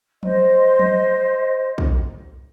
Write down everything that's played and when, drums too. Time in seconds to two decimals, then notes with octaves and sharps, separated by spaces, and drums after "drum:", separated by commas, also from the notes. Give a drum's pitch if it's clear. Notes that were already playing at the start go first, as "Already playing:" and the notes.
0.23 C5 D#5, drum: tom F3
0.79 drum: tom F3
1.78 drum: kick